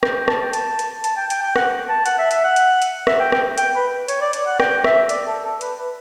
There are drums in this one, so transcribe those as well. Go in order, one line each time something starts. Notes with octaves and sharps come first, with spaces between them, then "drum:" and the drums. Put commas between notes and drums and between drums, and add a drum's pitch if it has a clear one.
G5, drum: rim click
G5
A5, drum: rim click
G5
A5, drum: hi-hat
drum: hi-hat
A5, drum: hi-hat
G5
G5, drum: hi-hat
G5
F#5, drum: rim click
A5
F#5, drum: hi-hat
E5
E5, drum: hi-hat
F#5
drum: hi-hat
drum: hi-hat
E5, drum: rim click
G5
G5, drum: rim click
G5, drum: hi-hat
B4
C#5, drum: hi-hat
D5
D5, drum: hi-hat
F#5
G5, drum: rim click
E5, drum: rim click
D5, drum: hi-hat
A4
A4
B4, drum: hi-hat
B4